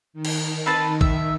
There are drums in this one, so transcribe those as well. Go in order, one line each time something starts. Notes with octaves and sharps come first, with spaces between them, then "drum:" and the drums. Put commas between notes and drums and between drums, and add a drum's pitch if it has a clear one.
D#3
drum: cymbal
C4 B4 A5
E5, drum: kick